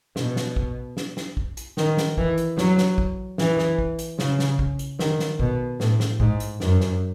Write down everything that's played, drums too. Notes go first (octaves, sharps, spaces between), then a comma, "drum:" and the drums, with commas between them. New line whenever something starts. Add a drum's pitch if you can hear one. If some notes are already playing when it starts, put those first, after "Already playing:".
B2, drum: snare
drum: snare
drum: kick
drum: snare
drum: snare
drum: kick
drum: hi-hat
D#3, drum: snare
drum: snare
E3, drum: kick
drum: hi-hat
F#3, drum: snare
drum: snare
drum: kick
E3, drum: snare
drum: snare
drum: kick
drum: hi-hat
C#3, drum: snare
drum: snare
drum: kick
drum: hi-hat
D#3, drum: snare
drum: snare
B2, drum: kick
A2, drum: snare
drum: snare
G#2, drum: kick
drum: hi-hat
F#2, drum: snare
drum: snare